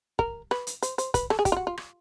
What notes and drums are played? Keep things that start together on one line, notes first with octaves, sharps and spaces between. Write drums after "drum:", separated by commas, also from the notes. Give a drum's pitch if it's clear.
A#4, drum: kick
B4, drum: rim click
drum: hi-hat
C5, drum: hi-hat
C5, drum: hi-hat
B4, drum: kick, hi-hat
A4, drum: rim click
G#4
G4, drum: kick, hi-hat
F4
F#4
F4
drum: rim click